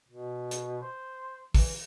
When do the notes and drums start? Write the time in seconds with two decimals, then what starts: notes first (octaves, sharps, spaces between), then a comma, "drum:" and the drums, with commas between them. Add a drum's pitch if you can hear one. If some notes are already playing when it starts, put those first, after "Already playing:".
0.09 B2
0.51 drum: hi-hat
0.82 C5
1.54 E3, drum: kick, open hi-hat